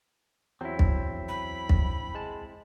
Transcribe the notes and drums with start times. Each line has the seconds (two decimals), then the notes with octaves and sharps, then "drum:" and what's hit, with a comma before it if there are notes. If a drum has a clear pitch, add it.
0.61 E2 F#3 C4 E4
0.79 drum: kick
1.28 B5
1.69 drum: kick
2.14 G#3 A5